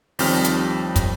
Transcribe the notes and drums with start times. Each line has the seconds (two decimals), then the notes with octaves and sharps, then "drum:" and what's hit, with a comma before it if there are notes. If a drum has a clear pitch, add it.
0.19 D#2 F3 G3 C4 F6, drum: open hi-hat
0.44 drum: hi-hat
0.96 drum: kick, hi-hat